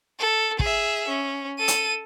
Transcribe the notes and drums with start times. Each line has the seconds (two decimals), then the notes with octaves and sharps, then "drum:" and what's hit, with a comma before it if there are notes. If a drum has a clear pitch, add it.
0.19 A4
0.59 G#4 E5, drum: kick
1.08 C#4
1.58 A4 D#7
1.68 drum: hi-hat